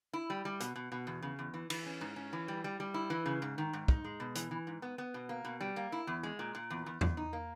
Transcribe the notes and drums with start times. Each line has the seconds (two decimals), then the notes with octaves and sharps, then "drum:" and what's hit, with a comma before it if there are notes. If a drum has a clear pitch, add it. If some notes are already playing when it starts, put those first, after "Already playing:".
0.13 E4
0.30 G3
0.45 G3
0.60 B2, drum: hi-hat
0.76 B2
0.92 B2
1.07 E2
1.22 C#3
1.39 E2
1.54 E3
1.70 E3, drum: cymbal
1.86 C#4
2.01 G#2
2.16 C#4
2.33 E3
2.48 G3
2.64 G3
2.80 G3
2.94 E4
3.10 E3
3.26 C#3
3.42 G#2
3.58 D#3
3.73 G#2
3.88 D#4, drum: kick
4.04 G#3
4.20 B2
4.35 E3, drum: hi-hat
4.51 E3
4.67 G#2
4.82 B3
4.98 B3
5.14 B2
5.29 A#3
5.45 B2
5.61 G3
5.76 A#3
5.92 E4
6.07 E2
6.23 G#3
6.39 A#2
6.55 A#2
6.70 E2
6.86 E2
7.01 E2, drum: tom E2
7.17 D#4
7.33 A#3